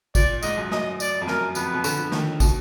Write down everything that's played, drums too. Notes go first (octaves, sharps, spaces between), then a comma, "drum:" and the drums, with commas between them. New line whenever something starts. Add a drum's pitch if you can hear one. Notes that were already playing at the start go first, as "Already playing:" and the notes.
A#2 D5, drum: kick, tambourine
G#2 D#5, drum: tambourine
F#2
F#2 D#5, drum: snare
D5, drum: tambourine
F2
F#2 A#4, drum: snare
F2 B3, drum: tambourine
B2
D3, drum: tambourine
F3
D#3, drum: snare
B2, drum: kick, tambourine